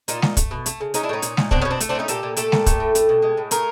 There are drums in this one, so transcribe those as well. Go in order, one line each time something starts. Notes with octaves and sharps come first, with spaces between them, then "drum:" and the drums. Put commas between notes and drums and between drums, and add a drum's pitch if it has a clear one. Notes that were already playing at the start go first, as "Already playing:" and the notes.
A#2 D#4 F4, drum: hi-hat
A#2, drum: snare
A3, drum: kick, hi-hat
B2
A3, drum: hi-hat
C#3
G#3 C#4 D#4, drum: hi-hat
D4 E4
A2 C#4 D#4
A#2, drum: hi-hat
A#2, drum: snare
B2 C4 D4, drum: kick
B3 C#4
B2
C4 D4
A3, drum: hi-hat
C4 D4
A2 C#4 D#4
A#2 G4 A4, drum: hi-hat
A#2
A3 G4 A4, drum: hi-hat
A#2, drum: snare
A3, drum: kick, hi-hat
A2
A3, drum: hi-hat
B2
G#3
A2
A3 G#4 A#4, drum: hi-hat